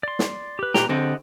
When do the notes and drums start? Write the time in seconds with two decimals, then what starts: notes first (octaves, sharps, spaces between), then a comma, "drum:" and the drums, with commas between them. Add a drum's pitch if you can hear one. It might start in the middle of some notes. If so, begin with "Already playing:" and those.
0.03 D5 C6
0.19 drum: snare
0.59 G4 B4
0.74 A#2 G4 B4 A#5, drum: snare
0.89 D3 C4 G4 D#5 F#5